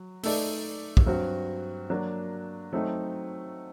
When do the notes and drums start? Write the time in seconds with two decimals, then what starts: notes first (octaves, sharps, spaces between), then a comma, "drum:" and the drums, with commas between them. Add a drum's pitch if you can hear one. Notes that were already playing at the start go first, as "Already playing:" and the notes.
Already playing: F#3
0.23 A3 D#4 A4 D5, drum: open hi-hat
0.97 drum: kick
1.06 G2 F#3 C4 F#4 C5
1.90 F#3 A#3 D4
2.73 F#3 A3 C4 D#4